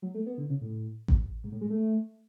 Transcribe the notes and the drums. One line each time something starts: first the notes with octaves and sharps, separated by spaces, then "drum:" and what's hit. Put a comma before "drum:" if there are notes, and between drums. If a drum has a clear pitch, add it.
F#3
A3
B3
D3
C#3
A2
drum: kick A1
G#2
A2
G#3
A3